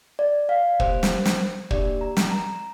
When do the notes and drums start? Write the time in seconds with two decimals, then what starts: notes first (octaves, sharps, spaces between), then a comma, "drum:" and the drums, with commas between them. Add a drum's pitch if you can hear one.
0.19 D5
0.49 F5
0.80 A#3 G4 C5, drum: kick
1.03 drum: snare
1.26 drum: snare
1.71 A#3 D4 G4 D5, drum: kick
2.01 A#5
2.17 drum: snare
2.32 A#5